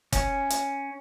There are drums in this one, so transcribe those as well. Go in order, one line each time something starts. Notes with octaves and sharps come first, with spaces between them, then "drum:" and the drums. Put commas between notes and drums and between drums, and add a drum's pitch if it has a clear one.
C#4, drum: kick F#1, hi-hat
drum: hi-hat